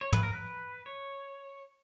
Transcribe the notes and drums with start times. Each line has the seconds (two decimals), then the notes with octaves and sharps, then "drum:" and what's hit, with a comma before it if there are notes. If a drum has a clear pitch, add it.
0.01 C#5
0.12 B4, drum: tom
0.23 A#4
0.33 B4
0.86 C#5